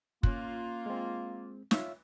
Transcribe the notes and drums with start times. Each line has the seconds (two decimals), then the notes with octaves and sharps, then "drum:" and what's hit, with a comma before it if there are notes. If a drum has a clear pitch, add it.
0.23 A#3 C#4 F4 F#6, drum: kick
0.86 G#3 C4
1.71 F4 C#5 E5, drum: snare